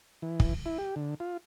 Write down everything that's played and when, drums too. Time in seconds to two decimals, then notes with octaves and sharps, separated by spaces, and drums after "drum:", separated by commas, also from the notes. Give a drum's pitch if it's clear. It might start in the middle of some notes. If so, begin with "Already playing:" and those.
0.22 E3
0.40 drum: kick
0.66 E4
0.78 G4
0.96 D3
1.20 F4